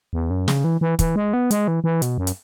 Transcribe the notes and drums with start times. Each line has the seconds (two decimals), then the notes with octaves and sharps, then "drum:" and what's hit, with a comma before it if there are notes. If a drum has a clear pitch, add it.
0.13 E2
0.30 F#2
0.48 C#3, drum: snare
0.64 E3
0.81 E3
0.99 E3, drum: kick, hi-hat
1.16 G#3
1.33 B3
1.51 G#3, drum: hi-hat
1.68 E3
1.84 E3
2.02 B2, drum: hi-hat
2.18 F#2
2.27 drum: hi-hat